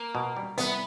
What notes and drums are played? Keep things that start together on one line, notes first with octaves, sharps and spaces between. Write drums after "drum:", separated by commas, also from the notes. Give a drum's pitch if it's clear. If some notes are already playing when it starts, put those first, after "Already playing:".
Already playing: A#3
B2
G3
C2 B3, drum: hi-hat